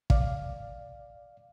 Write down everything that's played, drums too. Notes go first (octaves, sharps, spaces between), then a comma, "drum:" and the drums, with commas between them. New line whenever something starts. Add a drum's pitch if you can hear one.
D5 F5, drum: kick